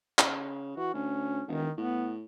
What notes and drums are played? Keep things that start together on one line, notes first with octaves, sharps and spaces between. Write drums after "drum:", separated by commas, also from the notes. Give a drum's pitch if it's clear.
C#3, drum: clap
E3 F#4
D2 C#4
E1 D#3
A2 B3